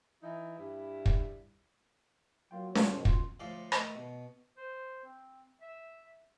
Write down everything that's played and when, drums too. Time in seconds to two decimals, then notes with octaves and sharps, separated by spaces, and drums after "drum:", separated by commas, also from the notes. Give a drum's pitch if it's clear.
0.23 E3 D#4 E4
0.58 G2 G3 E4
1.06 drum: kick
2.51 F#3 A#3 F4 G5
2.75 C3 F4 A#4 C#5, drum: snare C#4
2.94 F#2 B2 D#3
3.05 F4, drum: kick
3.40 D2 A2 F3 D5 F5 C6
3.72 D#3 A3, drum: rim click
3.95 B2
4.57 C5
5.04 C4
5.61 E5